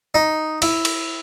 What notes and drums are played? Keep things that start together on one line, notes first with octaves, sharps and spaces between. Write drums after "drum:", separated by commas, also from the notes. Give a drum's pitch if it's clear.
D#4
E4, drum: cymbal
drum: cymbal